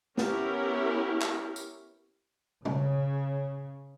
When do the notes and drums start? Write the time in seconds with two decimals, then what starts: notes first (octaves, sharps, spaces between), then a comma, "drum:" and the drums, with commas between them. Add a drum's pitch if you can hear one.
0.17 B3 C#4 E4 G4 A#4, drum: snare
1.22 drum: clap
1.56 drum: tambourine
2.65 C#3, drum: tom